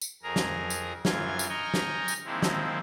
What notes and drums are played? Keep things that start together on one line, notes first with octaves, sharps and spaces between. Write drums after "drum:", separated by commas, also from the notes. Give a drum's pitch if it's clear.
drum: tambourine
F2 G#4 A#4 A#5
drum: snare
drum: tambourine
F#2 E3 F4 F6 G#6, drum: snare
drum: tambourine
D#5 G5 G#5 A#5 C#6 F6
drum: snare
drum: tambourine
D#3 F3 G#3 A#3 C4 E4
drum: snare